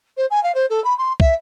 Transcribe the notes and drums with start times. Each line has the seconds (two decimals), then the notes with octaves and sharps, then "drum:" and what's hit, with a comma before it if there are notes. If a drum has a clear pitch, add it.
0.17 C5
0.30 G#5
0.43 F5
0.54 C5
0.69 A4
0.84 B5
0.97 C6
1.20 E5, drum: kick